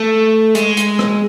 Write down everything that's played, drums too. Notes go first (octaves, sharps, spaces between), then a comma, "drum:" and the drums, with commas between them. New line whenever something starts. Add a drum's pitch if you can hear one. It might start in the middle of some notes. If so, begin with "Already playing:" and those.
Already playing: A3
G#3, drum: hi-hat
drum: hi-hat
drum: rim click